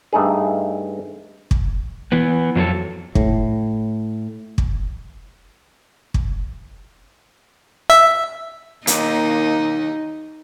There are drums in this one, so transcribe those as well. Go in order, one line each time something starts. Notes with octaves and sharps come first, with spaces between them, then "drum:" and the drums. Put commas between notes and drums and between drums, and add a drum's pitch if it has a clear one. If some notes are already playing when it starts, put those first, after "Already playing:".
G2 A3 D#4 G#4
drum: kick
E3 B3
F2 F#3 D4 A4
A2, drum: kick
drum: kick
drum: kick
E5
D#2 D#4, drum: hi-hat